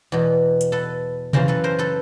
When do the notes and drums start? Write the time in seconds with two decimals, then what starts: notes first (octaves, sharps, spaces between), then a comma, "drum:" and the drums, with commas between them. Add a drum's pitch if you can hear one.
0.12 E2 B2
0.61 drum: hi-hat
0.72 A4 B4
1.33 F#2 C#3 E3 A#4 C5, drum: tom B2
1.48 A4 B4
1.64 A#4 C5
1.79 A4 B4